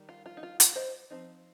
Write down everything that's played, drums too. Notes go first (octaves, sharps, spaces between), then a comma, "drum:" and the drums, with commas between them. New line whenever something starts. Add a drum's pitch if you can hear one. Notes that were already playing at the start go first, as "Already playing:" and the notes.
Already playing: D#3 G3
F4
F4
D#4
F4
F4, drum: hi-hat
C5 D#5
F3 C4 D#4